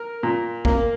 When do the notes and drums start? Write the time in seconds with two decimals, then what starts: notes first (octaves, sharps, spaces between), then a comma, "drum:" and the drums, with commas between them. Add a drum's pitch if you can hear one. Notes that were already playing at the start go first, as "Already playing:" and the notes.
Already playing: A#4
0.23 A#2
0.65 A#3, drum: kick